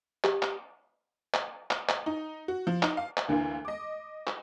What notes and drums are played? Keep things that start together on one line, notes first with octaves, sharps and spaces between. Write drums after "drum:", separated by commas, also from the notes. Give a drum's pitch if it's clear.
G4, drum: clap
drum: clap
drum: clap
drum: clap
drum: clap
D#4
F#4
F3
D#4, drum: clap
F5
drum: clap
D2 D3 E3 A#3
D#5 D6
drum: clap